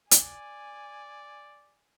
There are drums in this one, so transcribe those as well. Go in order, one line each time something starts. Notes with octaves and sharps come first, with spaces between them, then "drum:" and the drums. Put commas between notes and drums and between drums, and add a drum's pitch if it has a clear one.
D5 G#5, drum: hi-hat